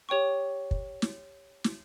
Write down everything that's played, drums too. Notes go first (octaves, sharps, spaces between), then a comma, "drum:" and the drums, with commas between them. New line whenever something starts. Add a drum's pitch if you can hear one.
G4 C#5 G5 C#6
drum: kick
drum: snare
drum: snare